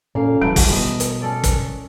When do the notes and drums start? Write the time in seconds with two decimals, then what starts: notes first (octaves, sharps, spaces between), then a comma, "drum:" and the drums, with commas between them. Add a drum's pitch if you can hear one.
0.15 A#2 A#3 C#4 A4 F5
0.42 D1 E3 F#3 G3 A3 D7
0.56 drum: kick, open hi-hat
0.72 B2 D#5
1.00 drum: hi-hat
1.22 C#4 A4 D5
1.44 drum: kick, hi-hat